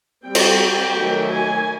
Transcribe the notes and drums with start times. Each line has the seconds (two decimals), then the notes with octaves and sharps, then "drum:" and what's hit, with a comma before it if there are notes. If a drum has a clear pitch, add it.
0.26 G3 C4 G5
0.35 drum: cymbal
0.95 D#3 F#3 A3
1.31 G#5